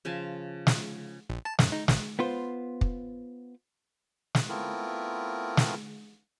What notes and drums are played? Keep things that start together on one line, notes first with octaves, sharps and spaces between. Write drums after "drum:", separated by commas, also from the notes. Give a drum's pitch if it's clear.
C#3 F3 G#5 A5
drum: snare
A#1
A5
F#2, drum: snare
D#4
G#1, drum: snare
B3 F4 C5
drum: kick
drum: snare
A3 B3 C4 E4 F4 A#4
drum: snare